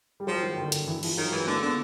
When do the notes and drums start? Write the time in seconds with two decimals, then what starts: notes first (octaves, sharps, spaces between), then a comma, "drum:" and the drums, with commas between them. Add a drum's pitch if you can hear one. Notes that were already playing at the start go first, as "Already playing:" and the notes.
0.20 G3
0.27 F3 F#3
0.42 D#3
0.58 D3
0.72 D#3, drum: hi-hat
0.87 E3
1.03 F3, drum: cymbal
1.17 D#3 F#3
1.32 E3 G#3
1.47 D3 A#3
1.62 D3 B3